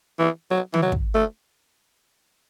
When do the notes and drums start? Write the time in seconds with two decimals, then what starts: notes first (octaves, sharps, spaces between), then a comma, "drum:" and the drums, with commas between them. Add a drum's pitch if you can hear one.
0.19 E3
0.51 F#3
0.74 E3, drum: tom
0.82 F#3
0.92 drum: kick
1.14 A3